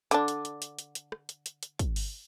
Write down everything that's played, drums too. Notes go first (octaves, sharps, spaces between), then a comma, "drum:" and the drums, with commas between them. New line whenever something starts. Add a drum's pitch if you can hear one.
D3 D4, drum: hi-hat
drum: hi-hat
drum: hi-hat
drum: hi-hat
drum: hi-hat
drum: hi-hat
drum: rim click
drum: hi-hat
drum: hi-hat
drum: hi-hat
drum: kick, hi-hat
drum: open hi-hat